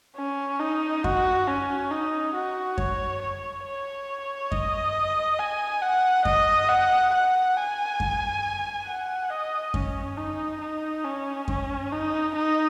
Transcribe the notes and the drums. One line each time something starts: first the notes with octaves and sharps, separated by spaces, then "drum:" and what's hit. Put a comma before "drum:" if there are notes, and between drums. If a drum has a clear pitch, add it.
C#4
D#4
F#4, drum: kick F#2
C#4
D#4
F#4
C#5, drum: kick F#2
C#5
C#5
D#5, drum: kick F#2
G#5
F#5
D#5, drum: kick F#2
F#5
F#5
G#5
drum: kick F#2
F#5
D#5
C#4, drum: kick F#2
D#4
D#4
C#4
C#4, drum: kick F#2
D#4
D#4